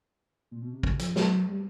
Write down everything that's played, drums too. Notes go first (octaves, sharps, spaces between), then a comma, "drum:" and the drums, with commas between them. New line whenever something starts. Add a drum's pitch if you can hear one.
A#2
B2
C3
C#3, drum: kick
F3, drum: hi-hat
F#3, drum: snare
G3